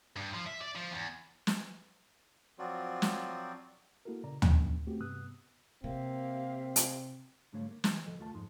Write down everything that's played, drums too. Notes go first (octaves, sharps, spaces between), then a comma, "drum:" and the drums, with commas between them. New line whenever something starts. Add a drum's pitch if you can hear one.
G2
F3
E5
D5
F3
E2
drum: snare
F3 F#3 C4 F4 F#4 D5
drum: snare
A#3 E4 F#4 A4 A#4
A#2 C#3 D5 A#5
F3 A#3 C#4 D4, drum: tom
A3 B3 C4 F#4 G4
G2 C3 B3 D#6 E6 F#6
C3 A#3 C4 G4 E5 F5
drum: hi-hat
G#2 D3 G3 A3 C#5 F5
A#3
E3 G4, drum: snare
D2 A#2 F3 A4 D#5
D#2 A3 F4 A4 A5
F2 G#2 D#4 C6